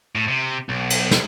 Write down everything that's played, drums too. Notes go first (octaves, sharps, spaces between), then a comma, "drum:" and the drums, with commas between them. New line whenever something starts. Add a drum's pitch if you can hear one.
A2
C3
B1
drum: cymbal
drum: snare